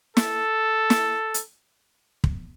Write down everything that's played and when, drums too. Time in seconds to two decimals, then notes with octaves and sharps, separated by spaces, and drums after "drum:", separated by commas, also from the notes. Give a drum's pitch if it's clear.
0.17 A4, drum: snare
0.90 drum: snare
1.34 drum: hi-hat
2.24 drum: kick